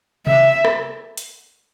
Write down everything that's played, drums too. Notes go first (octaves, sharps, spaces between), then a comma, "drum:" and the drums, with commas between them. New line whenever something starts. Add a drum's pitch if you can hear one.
E5, drum: tom C3
drum: rim click
drum: hi-hat